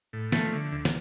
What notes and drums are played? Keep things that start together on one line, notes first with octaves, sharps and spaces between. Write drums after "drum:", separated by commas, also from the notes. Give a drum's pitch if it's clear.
A2
F3 A3, drum: snare
D3
D2
drum: snare